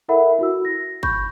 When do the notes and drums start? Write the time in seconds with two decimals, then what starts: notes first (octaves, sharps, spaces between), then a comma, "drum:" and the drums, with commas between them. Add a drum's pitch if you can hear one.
0.08 E4 A4 A#4 E5 F#5 B5
0.39 E4 F#4 E6
0.65 A#6
1.03 B5 C#6 G6, drum: kick